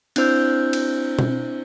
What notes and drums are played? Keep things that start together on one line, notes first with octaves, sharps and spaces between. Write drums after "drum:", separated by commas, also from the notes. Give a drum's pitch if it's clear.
C4 D4 E4 C5 E6 G6, drum: cymbal
drum: cymbal
drum: tom